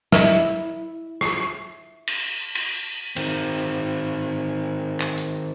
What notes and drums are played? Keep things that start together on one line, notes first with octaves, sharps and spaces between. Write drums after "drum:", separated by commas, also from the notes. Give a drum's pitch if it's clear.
E4 A#4 D#5 E5, drum: snare
drum: rim click
drum: cymbal
drum: cymbal
D#3 C4, drum: cymbal
drum: clap
drum: hi-hat